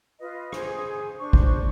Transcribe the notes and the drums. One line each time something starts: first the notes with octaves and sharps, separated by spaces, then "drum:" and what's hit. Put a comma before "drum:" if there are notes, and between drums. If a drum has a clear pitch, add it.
F4 B4 D#5
G#4 C5, drum: rim click
D4 C5 C#6
drum: kick